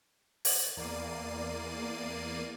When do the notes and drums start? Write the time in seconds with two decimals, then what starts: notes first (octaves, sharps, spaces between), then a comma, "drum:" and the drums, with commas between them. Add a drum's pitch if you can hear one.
0.45 drum: open hi-hat
0.77 E2 A#3 D5 C7 D#7